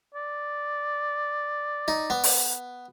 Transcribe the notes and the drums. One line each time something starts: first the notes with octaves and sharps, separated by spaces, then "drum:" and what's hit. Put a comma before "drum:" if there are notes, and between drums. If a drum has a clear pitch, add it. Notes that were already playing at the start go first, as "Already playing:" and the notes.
D5
D#4
B3
drum: open hi-hat